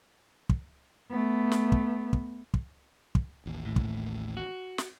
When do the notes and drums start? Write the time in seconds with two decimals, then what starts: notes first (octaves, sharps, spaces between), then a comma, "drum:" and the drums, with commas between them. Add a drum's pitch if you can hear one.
0.49 drum: kick
1.11 A3 B3
1.52 drum: snare
1.72 drum: kick
2.13 drum: kick
2.54 drum: kick
3.15 drum: kick
3.46 A1 D#2
3.65 A2
3.76 drum: kick
4.37 F#4
4.78 drum: snare